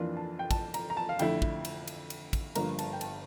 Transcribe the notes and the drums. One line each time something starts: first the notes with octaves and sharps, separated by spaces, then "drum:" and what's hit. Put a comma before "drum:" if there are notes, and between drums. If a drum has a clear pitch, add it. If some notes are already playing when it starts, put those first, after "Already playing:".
Already playing: F2 E3 A#3 D4 F4
A5
G5
A5, drum: kick, cymbal
A#5, drum: cymbal
A#5
A5
F5
F2 D3 A3 E4 G5, drum: cymbal
drum: kick
drum: cymbal
drum: cymbal
drum: cymbal
drum: kick, cymbal
G1 G2 F3 A#3 A#5, drum: cymbal
A5, drum: cymbal
G5
A5, drum: cymbal